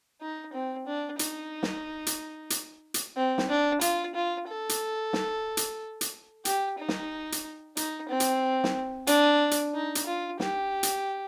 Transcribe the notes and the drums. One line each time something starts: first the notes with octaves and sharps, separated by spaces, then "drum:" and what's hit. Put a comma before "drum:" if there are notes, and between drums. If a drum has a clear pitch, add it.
D#4
C4
D4
D#4, drum: hi-hat
drum: snare
drum: hi-hat
drum: hi-hat
drum: hi-hat
C4
drum: snare
D4
F4, drum: hi-hat
F4
A4
drum: hi-hat
drum: snare
drum: hi-hat
drum: hi-hat
G4, drum: hi-hat
D#4
drum: snare
drum: hi-hat
D#4, drum: hi-hat
C4
drum: hi-hat
drum: snare
D4, drum: hi-hat
drum: hi-hat
D#4
drum: hi-hat
F4
G4, drum: snare
drum: hi-hat